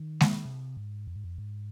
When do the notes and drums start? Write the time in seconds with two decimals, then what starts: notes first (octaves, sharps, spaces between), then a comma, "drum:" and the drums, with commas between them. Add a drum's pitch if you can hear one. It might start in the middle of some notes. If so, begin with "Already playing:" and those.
Already playing: D#3
0.21 drum: snare G#3
0.45 C3
0.77 G#2
1.07 F2
1.15 G#2
1.24 F2
1.38 G#2